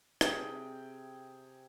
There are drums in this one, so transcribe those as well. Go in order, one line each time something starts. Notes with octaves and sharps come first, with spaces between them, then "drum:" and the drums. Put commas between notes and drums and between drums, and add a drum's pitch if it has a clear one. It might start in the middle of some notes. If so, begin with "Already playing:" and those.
C3 G#4 G5, drum: rim click